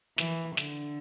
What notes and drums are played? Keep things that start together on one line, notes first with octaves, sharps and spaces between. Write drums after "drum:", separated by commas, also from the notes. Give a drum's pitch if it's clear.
E3, drum: snare
D3, drum: snare